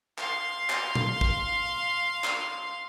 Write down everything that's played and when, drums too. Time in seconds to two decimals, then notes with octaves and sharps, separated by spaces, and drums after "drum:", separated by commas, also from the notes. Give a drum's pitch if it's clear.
0.18 F5 C6, drum: clap
0.70 drum: clap
0.95 drum: tom A#2
1.21 drum: kick
2.24 drum: clap